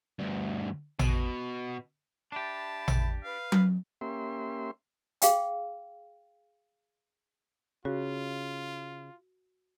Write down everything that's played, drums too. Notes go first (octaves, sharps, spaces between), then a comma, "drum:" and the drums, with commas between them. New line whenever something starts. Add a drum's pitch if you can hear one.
D2 G2
B2, drum: tom A1
D4 G4 E5 A5 B5
drum: tom A1
B4 F5
drum: tom F#3
A#3 C#4 G4 E5 C6
G#4 F5 G5, drum: hi-hat
C#3 F4 F#4